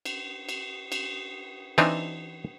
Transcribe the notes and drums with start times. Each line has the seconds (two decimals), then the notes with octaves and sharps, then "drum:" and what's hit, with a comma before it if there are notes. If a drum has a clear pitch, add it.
0.05 drum: cymbal
0.49 drum: cymbal
0.92 drum: cymbal
1.78 E3 C4 D4 D#4, drum: cymbal